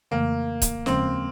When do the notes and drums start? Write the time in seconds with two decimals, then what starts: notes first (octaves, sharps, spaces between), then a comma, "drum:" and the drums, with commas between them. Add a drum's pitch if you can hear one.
0.11 F2 C#3 E3 A3 A#3
0.62 drum: kick C#1, hi-hat
0.86 D#2 C#3 F3 G#3 C4 C#4, drum: snare